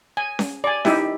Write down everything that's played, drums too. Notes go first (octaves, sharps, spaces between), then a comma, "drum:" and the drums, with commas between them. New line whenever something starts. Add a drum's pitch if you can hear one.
G#5
drum: snare C#4
D5 G#5
D#4 E4 G4 E5, drum: snare C#4